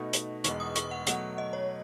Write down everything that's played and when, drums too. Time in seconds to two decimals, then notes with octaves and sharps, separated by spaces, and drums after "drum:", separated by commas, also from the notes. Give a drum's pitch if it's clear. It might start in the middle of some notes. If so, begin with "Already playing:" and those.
Already playing: B2 A3 D#4 F#4
0.13 drum: hi-hat
0.44 E1 E2 B2 G#3 C#6, drum: hi-hat
0.60 D#6
0.75 C#6, drum: hi-hat
0.91 F#5
1.07 B2 F#3 A3 F#5, drum: hi-hat
1.38 D#5
1.53 C#5